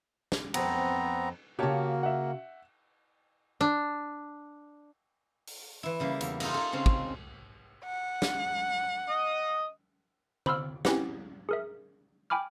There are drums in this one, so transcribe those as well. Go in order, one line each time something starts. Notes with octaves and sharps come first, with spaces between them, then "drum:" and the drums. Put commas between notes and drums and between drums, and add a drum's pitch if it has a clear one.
drum: snare
F2 G#2 B3 C4 A#5, drum: cymbal
C#3 A#3 F#4 G4 C#5 A5
E5 F#5
D4
drum: open hi-hat
E3 E4
C#3 G3 A#3
E2, drum: hi-hat
D#4 F4 A4 A#4 D#5, drum: cymbal
D#4 A4
C#3 C4 C#4
drum: kick
F#5
drum: snare
D#5 D#6
C5 B5 C6 E6 F6, drum: tom D3
C4 C#4 E4 G4 B4 F#5, drum: snare
G#4 A#4 E5
G5 G#5 B5 D6 F6